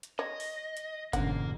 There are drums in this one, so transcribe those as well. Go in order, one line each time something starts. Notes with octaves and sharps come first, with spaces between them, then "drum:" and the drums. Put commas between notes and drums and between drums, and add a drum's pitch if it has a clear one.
drum: hi-hat
C#5 D#5
drum: open hi-hat
drum: hi-hat
F2 G#2 B2 D3 A#3 C#4 F#5, drum: kick G1, hi-hat